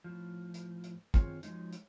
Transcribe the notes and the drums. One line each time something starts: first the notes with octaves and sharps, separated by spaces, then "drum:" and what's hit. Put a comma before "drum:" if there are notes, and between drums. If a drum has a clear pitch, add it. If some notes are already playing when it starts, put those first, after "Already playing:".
A2 F3
drum: hi-hat
drum: hi-hat
D#3 C4 F4 G#4 C#5, drum: kick, hi-hat
F3 F#3 G#3 D#4, drum: hi-hat
drum: hi-hat